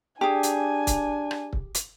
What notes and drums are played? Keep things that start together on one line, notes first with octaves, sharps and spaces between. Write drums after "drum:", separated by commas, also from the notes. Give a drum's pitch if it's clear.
D4 G4 G#4 G#5
drum: hi-hat
drum: kick C#1, hi-hat
drum: rim click
drum: kick C#1
drum: hi-hat